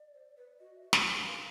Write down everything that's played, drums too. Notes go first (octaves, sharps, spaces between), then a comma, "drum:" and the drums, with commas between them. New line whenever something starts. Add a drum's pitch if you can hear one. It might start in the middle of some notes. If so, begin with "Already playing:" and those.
Already playing: D5
C5
B4
F#4 D#5
E5
F#4
D#5, drum: snare
A#4
F5
B4 F5